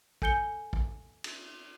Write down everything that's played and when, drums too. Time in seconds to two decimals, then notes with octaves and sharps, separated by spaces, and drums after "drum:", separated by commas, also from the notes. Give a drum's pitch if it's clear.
0.22 A4 G#5 G6 C#7 G7, drum: kick
0.73 drum: kick
1.24 drum: cymbal